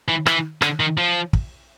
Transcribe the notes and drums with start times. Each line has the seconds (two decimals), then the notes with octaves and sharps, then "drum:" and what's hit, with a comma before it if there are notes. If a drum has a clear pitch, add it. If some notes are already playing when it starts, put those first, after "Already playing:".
0.08 E3
0.26 E3, drum: rim click
0.62 D3, drum: rim click
0.80 D#3
0.98 F3
1.33 drum: kick